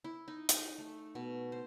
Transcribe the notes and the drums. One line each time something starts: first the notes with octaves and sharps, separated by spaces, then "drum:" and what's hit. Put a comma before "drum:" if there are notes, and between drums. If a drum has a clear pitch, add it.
E4
D#4
D#4, drum: hi-hat
A3
B2
C5